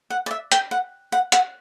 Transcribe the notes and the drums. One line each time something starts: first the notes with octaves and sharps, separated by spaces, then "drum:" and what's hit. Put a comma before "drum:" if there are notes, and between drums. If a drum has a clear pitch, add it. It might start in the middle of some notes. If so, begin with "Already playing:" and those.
F#5
D5
E5
G5, drum: hi-hat
F#5
F#5
F#5, drum: hi-hat